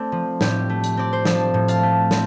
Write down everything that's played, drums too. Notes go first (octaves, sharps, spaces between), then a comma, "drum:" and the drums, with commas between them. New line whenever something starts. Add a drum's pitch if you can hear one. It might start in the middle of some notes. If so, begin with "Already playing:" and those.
Already playing: A3 C4 A4 D5
F3
A2 G4, drum: snare
A3
drum: hi-hat
C4 D5
C5
F3 A4, drum: snare
A2
F5 A5, drum: hi-hat
A3
C4, drum: snare